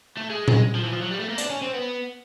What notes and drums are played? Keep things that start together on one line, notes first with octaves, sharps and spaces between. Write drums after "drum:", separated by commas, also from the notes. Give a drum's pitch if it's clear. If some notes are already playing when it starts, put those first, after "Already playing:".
A3
G#3
G#3, drum: tom A#2
F3
E3
F3
F#3
G3
A3
A#3
D4, drum: hi-hat
C#4
C4
B3